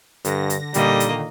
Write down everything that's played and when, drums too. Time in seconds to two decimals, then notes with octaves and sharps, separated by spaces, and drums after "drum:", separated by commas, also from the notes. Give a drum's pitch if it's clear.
0.25 G2 D3 A#6, drum: hi-hat
0.50 drum: hi-hat
0.74 A#2 D3 D#3 G3 A#3 D#5, drum: hi-hat
1.00 drum: hi-hat